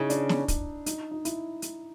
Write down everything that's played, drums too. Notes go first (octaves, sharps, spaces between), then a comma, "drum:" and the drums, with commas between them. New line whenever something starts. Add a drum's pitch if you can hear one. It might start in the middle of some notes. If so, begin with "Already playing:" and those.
Already playing: C#3 D#4 E4
D4, drum: hi-hat
drum: snare
drum: kick, hi-hat
D#4, drum: hi-hat
D#4
E4, drum: hi-hat
drum: hi-hat